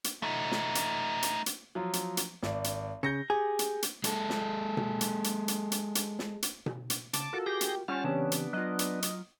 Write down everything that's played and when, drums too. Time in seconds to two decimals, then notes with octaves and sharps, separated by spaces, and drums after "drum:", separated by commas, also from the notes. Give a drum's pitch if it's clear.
0.04 drum: hi-hat
0.22 A3 D#4
0.52 drum: snare
0.75 drum: hi-hat
1.23 drum: hi-hat
1.46 drum: hi-hat
1.75 F3 F#3 F4
1.93 drum: hi-hat
2.17 drum: hi-hat
2.42 G#1 D5, drum: snare
2.64 drum: hi-hat
3.03 C#3 G6 A#6 C#7
3.30 G4 G#4
3.59 drum: hi-hat
3.83 drum: hi-hat
4.04 G#3 A4, drum: hi-hat
4.30 drum: snare
4.77 drum: tom B2
5.01 drum: hi-hat
5.24 drum: hi-hat
5.48 drum: hi-hat
5.72 drum: hi-hat
5.95 drum: hi-hat
6.19 drum: snare
6.42 drum: hi-hat
6.66 drum: tom B2
6.90 drum: hi-hat
7.13 C#3 A5 D6, drum: hi-hat
7.33 F4 F#4 A4 A#4
7.46 G4 G#4 G6 A#6
7.61 drum: hi-hat
7.88 G3 C#4 F4 F#5 A5 F6
8.04 C#3 E3 B3 C4 D4 G4 A5
8.32 drum: hi-hat
8.53 F#3 F4 D#5 F#6
8.79 drum: hi-hat
9.02 drum: hi-hat